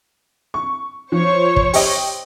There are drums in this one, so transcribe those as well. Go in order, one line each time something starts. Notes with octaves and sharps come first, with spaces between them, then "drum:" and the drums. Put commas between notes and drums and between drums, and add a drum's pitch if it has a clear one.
C#6
F3 C5 C#5 C#6
drum: kick
G4 D#5, drum: open hi-hat